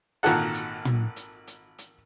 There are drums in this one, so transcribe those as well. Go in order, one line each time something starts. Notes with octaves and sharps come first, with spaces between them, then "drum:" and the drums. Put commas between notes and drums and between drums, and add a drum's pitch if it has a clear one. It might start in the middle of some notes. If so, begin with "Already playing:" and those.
G#1 A#2 D#3 F#4 A4 F#5
drum: hi-hat
drum: tom
drum: hi-hat
drum: hi-hat
drum: hi-hat